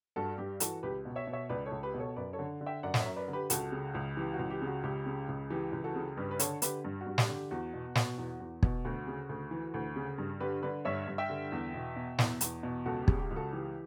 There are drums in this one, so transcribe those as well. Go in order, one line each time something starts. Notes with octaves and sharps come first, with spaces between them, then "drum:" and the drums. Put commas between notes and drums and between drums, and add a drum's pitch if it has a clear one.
G2 F#4 A4
G2 G4
E3 F#4 A4, drum: hi-hat
C#2 G4 B4
B2
C#5 E5
B2
C#5 E5
C#2 B4 D5
A4 C#5
C#2
G4 B4
B2
A4 C#5
F#2 B4 D5
A4 C#5
D3
D3
E5 G5
F#2 D5 F#5
F#5, drum: snare
C#5 E5
F#2
B4 D5
D3
G4 B4
C#2 F#4 A4, drum: hi-hat
C#3
C#2
E3 G4
F#4
C#2
G4
C#3
F#4
C#2 G4
C#3
C#2
E3 G4
C#2
F#4 A4
C#3
G2 G4 B4
B4
D3 A4 C#5, drum: hi-hat
D3 G4 B4, drum: hi-hat
G2
F#4
G2
G4, drum: snare
D3
G4
E2 F#4
B2
B2, drum: snare
E2
E2
B2, drum: kick
D2 F#4
C#3
D2
E3
D2
C#3
G2
D3 G4 B4
D3 B4 D5
G2 C#5 E5
G2
E5 G5
D3
E2
B2
B2
E2, drum: snare
E2, drum: hi-hat
B2
C#2 F#4 A4
G4
C#3, drum: kick
G4
C#2
F#4 A4
E3 G4